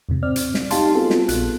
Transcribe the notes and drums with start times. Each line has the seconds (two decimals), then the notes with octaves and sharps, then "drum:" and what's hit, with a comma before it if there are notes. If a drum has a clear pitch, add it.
0.09 E2 G#2 C3
0.23 C4 D5 F6
0.36 drum: hi-hat
0.54 drum: snare
0.71 D#4 G4 F5 A5 C6, drum: hi-hat
0.95 B3 C4 F4 F#4 G#4 A4
1.10 drum: snare
1.29 A#1 B3 F#6, drum: hi-hat